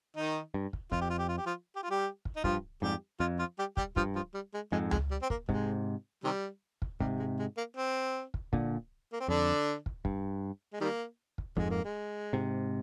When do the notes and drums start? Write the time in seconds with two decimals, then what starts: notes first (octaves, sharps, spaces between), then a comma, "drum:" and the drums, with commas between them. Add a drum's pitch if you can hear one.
0.16 D#3 D#4
0.54 G2
0.73 drum: kick
0.92 F2 F4, drum: kick
1.01 G4
1.10 F4
1.19 G4
1.29 F4
1.37 G4
1.46 F3 F4
1.76 G4
1.83 F4
1.90 G3 G4
2.25 drum: kick
2.36 D#4
2.44 G2 F3 F4, drum: kick
2.82 F2 G#2 G3 G4
3.20 F2 F3 F4
3.39 F3 F4
3.59 G3 G4
3.77 G3 G4, drum: kick
3.96 G2 F3 F4, drum: kick
4.15 F3 F4
4.34 G3
4.54 G#3
4.72 F2 G#2 G#3
4.91 G#3, drum: tom C#2
5.11 G3
5.22 C4
5.30 A#3, drum: kick
5.49 G#2 C3 G#3, drum: kick
6.24 C3 D#3 G3
6.82 drum: kick
7.00 G#2 C3 G3, drum: kick
7.19 G#3
7.39 G#3
7.57 A#3
7.77 C4
8.34 drum: kick
8.53 A#2 D3, drum: kick
9.13 A#3
9.20 C4
9.28 F2 D3 D4
9.86 drum: kick
10.05 G2, drum: kick
10.73 G#3
10.81 D#3 G3 A#3
11.38 drum: kick
11.57 F2 G#2 G#3, drum: kick
11.70 A#3
11.85 G#3
12.33 G#2 C3